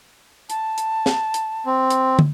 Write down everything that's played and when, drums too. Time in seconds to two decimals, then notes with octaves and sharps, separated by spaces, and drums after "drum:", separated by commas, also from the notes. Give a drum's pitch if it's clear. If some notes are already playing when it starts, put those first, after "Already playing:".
0.50 A5, drum: hi-hat
0.78 drum: hi-hat
1.06 drum: snare
1.34 drum: hi-hat
1.66 C4
1.90 drum: hi-hat
2.19 drum: tom